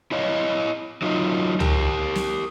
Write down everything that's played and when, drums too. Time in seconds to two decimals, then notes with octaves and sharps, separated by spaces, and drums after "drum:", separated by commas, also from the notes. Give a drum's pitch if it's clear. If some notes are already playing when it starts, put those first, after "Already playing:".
0.11 E4 C#5 D#5 F5
1.02 F#3 D#4 F4 D#5
1.60 G4 A#4, drum: tom C#2
2.15 drum: snare